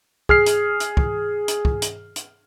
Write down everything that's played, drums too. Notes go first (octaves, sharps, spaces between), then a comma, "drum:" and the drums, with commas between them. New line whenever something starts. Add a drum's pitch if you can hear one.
G#4 F6 C7, drum: kick
drum: hi-hat
drum: hi-hat
drum: kick
drum: hi-hat
drum: kick
drum: hi-hat
drum: hi-hat